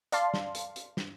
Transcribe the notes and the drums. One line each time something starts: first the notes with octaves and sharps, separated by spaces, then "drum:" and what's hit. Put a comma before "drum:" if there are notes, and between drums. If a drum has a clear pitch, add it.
D5 F5 A5 C6, drum: hi-hat
drum: snare
drum: hi-hat
drum: hi-hat
drum: snare